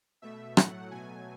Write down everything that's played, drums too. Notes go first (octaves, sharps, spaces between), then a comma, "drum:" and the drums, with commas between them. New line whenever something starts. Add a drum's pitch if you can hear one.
B2 A3 E5
A2 F#3 A3 F#5, drum: rim click
B2 F#3 A3 G#5